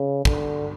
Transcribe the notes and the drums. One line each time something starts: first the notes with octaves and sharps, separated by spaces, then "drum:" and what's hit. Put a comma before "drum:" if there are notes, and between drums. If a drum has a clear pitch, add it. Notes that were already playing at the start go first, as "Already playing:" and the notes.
Already playing: C#3
D3, drum: kick